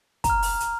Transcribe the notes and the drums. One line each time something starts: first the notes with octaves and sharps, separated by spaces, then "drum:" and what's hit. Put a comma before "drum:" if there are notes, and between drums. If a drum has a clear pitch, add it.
A#5, drum: kick, hi-hat
F6
drum: open hi-hat
drum: hi-hat